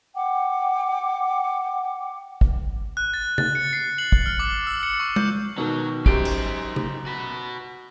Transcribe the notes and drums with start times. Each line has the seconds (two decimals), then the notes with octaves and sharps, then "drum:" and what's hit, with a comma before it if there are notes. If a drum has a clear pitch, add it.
0.15 F#5 G5 D6
2.41 drum: kick
2.97 F#6
3.14 A6
3.38 A6, drum: tom C#3
3.55 C#7
3.73 C7
3.98 F#7
4.12 drum: kick
4.26 F6
4.39 D6
4.67 E6
4.83 C#7
5.00 C#6
5.16 G6, drum: tom G#3
5.58 B2 D#3 F#3
6.06 F#2 D#4 G4 C5 D7, drum: kick
6.25 drum: cymbal
6.76 drum: tom C#3
7.06 F#4 B4